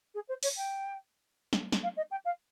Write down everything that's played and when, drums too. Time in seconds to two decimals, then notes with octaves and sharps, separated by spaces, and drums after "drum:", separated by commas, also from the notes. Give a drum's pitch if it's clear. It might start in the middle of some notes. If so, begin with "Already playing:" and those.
0.14 G#4
0.28 C5
0.43 C#5, drum: open hi-hat
0.57 G5
1.53 drum: snare
1.72 drum: snare
1.83 F5
1.97 D#5
2.11 G5
2.25 F5